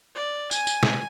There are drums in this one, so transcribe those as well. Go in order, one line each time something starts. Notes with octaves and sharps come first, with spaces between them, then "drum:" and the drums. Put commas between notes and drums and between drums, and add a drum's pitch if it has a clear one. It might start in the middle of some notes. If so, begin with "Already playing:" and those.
D5
G#5, drum: tambourine
drum: tambourine
drum: snare